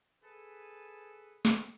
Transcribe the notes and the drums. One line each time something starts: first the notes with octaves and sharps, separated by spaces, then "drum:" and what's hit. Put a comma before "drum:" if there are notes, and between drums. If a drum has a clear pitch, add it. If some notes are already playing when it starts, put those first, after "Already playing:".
G#4 A4 B4
drum: snare